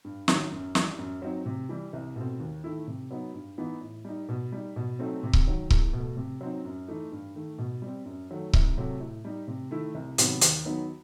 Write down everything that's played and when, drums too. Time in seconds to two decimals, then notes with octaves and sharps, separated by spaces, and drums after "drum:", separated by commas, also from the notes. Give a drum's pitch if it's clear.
0.05 G2
0.28 D#3 F#3, drum: snare
0.52 F#2
0.75 E3 G3, drum: snare
0.99 F#2
1.22 F#3 C4 D#4
1.46 C3
1.69 E3 G3
1.93 C2
2.16 B2 A3 C4
2.40 D#2
2.64 D#3 A3 E4
2.87 C3
3.11 F#3 B3 D#4
3.34 G2
3.58 E3 B3 D#4
3.81 A2
4.05 G3 D#4
4.29 B2
4.52 G3 D#4
4.76 B2
4.99 F#3 A3 C4 D#4
5.23 C3
5.33 drum: kick C#1
5.47 D#3 F#3
5.70 E2, drum: kick C#1
5.93 B2
5.98 A3
6.17 C3
6.41 F#3 C4 D#4
6.65 F#2
6.88 E3 A3 D#4
7.12 G2
7.35 D#3 A3
7.58 B2
7.82 G3 C4
8.05 F#2
8.30 D#3 F#3 A3
8.53 C2, drum: kick C#1
8.77 C3 F#3 A3
9.00 A2
9.25 G3 D#4
9.48 C3
9.71 D#3 A3 E4
9.95 C2
10.18 C3 D#3 F#3 B3, drum: hi-hat
10.41 D#2, drum: hi-hat
10.65 D#3 F#3 B3 D#4